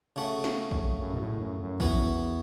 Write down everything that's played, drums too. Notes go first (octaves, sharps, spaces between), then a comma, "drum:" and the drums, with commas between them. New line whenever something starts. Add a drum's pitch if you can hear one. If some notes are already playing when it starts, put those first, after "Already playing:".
C#3 A3 F#4
drum: snare
drum: kick A#1
F#2
B2
A2
F#2
F#2
E2 E3 B3 F#4, drum: kick A#1
F#2
E2